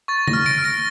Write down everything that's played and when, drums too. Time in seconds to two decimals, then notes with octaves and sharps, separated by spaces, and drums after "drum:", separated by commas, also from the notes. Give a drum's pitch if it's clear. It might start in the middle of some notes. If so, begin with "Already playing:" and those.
0.08 C#6 A6
0.27 A#6, drum: tom
0.33 F6
0.46 A#6 D7
0.58 F6
0.64 A#6 D7